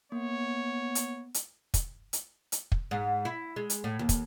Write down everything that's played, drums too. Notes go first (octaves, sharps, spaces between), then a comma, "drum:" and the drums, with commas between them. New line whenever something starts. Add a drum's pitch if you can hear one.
A#3 B3 C#5
drum: hi-hat
drum: hi-hat
drum: kick, hi-hat
drum: hi-hat
drum: hi-hat
drum: kick
G#2
E4
G#3
drum: hi-hat
A2
D#2
drum: kick, hi-hat